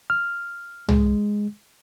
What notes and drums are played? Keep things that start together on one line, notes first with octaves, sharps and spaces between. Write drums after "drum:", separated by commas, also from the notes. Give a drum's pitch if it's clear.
F6
G#3, drum: tom C2